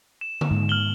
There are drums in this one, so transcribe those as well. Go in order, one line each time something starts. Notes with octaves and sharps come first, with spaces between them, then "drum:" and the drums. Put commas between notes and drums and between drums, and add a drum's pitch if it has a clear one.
E7
drum: tom D3
G#2
F6 F#7 G7